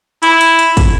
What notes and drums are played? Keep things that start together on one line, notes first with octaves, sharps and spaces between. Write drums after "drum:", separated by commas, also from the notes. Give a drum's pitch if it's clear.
E4, drum: hi-hat
drum: hi-hat
drum: hi-hat
drum: kick, hi-hat